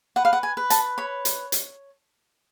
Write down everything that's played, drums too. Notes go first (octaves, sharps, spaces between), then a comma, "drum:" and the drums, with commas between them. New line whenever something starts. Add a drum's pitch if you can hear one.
B4 F#5
F5
F#5
G#5
B4
A5, drum: hi-hat
C#5 B5
drum: hi-hat
drum: hi-hat